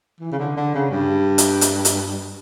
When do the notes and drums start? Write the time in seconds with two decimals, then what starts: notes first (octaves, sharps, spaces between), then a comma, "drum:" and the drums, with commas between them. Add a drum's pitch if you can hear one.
0.20 E3
0.32 C#3
0.39 D3
0.57 D3
0.74 C#3
0.91 G2
1.38 drum: hi-hat
1.61 drum: hi-hat
1.85 drum: hi-hat